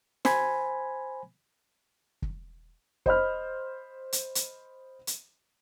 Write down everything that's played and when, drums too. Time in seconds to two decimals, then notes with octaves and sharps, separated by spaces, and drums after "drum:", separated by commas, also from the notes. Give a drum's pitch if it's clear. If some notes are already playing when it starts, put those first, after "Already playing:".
0.25 C5 G#5 B5 G#6, drum: snare
2.22 drum: kick
3.06 C5 D#5 B5 F6, drum: kick
4.13 drum: hi-hat
4.35 drum: hi-hat
5.07 drum: hi-hat